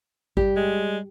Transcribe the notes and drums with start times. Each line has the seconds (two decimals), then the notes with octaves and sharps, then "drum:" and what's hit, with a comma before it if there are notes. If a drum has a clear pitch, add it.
0.37 G3 G4, drum: kick G#1
0.57 G#3